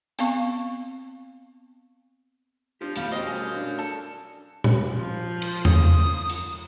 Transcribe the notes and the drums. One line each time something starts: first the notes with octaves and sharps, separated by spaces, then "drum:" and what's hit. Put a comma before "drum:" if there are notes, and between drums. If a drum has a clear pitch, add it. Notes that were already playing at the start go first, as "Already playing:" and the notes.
B3 C4 F5 C#6, drum: hi-hat
F3 D4 F4 G4
E2 B2 G3 A3 B3 F5 B5, drum: hi-hat
F#2 C5 D#5 G5
G3 G4 G#4
D4 C#5 D5
A4
drum: tom A#2
F3
drum: cymbal
D#6, drum: tom E2
drum: hi-hat